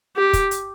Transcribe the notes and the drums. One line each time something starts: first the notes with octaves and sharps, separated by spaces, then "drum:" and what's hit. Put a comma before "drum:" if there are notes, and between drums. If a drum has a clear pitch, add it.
G4
drum: kick, hi-hat
drum: hi-hat